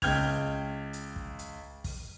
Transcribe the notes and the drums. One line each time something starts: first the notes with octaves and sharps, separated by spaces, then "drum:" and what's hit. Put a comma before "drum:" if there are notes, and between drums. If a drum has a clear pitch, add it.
C#2 G5 F6 G6 G#6 F7, drum: kick, open hi-hat
drum: hi-hat
drum: kick
drum: hi-hat
drum: kick, open hi-hat